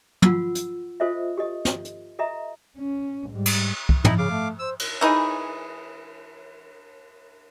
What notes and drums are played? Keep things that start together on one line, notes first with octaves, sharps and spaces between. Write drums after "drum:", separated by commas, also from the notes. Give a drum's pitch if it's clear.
F4 F#5 E6, drum: tom
drum: hi-hat
F4 A4 C5 D#5 E5
G4 A4 D#5
drum: snare
drum: hi-hat
A4 D#5 E5 A#5
C#4
G#2 G3
drum: cymbal
drum: kick
D#4 E4, drum: tom
C#3 F5 D6
A3
C5 E6
drum: cymbal
E3 D#4 G#4